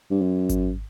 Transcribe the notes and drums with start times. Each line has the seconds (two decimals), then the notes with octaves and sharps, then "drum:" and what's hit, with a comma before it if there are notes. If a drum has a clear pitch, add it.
0.10 G2
0.21 F#2
0.49 drum: kick G#1, hi-hat